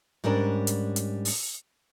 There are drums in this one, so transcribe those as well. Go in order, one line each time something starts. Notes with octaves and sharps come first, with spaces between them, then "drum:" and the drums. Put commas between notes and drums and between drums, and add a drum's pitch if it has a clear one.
G#2 G3 C#4 D4 A#4
drum: hi-hat
drum: hi-hat
drum: open hi-hat